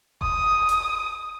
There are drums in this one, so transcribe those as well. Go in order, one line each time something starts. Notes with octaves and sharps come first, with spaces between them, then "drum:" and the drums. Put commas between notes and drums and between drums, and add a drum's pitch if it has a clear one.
D#6, drum: kick F1
drum: hi-hat